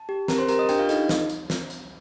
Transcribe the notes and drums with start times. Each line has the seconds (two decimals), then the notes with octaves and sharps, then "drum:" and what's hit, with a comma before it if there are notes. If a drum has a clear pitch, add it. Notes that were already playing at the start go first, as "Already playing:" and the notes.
Already playing: A5
0.09 G4
0.28 C4 A#4 A#5, drum: snare
0.38 C5 C6
0.48 G4 A#4 A#5, drum: hi-hat
0.59 D#5 D#6
0.69 D4 G4 G5, drum: hi-hat
0.79 F4 F5
0.89 D#4 A4 D#5, drum: hi-hat
1.09 drum: snare
1.30 drum: hi-hat
1.50 drum: snare
1.70 drum: hi-hat